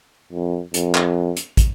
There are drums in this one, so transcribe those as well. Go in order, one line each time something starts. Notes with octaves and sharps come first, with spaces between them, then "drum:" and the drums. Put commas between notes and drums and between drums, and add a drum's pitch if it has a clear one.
F2
F2, drum: hi-hat
drum: clap
drum: hi-hat
drum: kick, hi-hat